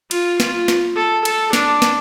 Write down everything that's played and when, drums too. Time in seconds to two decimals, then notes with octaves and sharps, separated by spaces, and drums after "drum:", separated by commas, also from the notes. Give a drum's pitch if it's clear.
0.11 F4, drum: cymbal
0.40 F4, drum: snare
0.68 drum: snare
0.97 A4
1.25 A4, drum: cymbal
1.53 D4, drum: snare
1.82 drum: snare